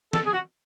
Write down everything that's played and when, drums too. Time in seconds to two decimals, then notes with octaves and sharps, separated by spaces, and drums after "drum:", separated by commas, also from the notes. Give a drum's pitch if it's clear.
0.13 A4, drum: snare
0.26 G#4
0.33 F#4